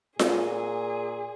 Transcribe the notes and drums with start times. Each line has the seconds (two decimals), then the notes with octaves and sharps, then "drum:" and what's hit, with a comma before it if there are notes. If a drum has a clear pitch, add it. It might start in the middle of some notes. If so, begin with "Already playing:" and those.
0.19 A#2 G#4, drum: snare F4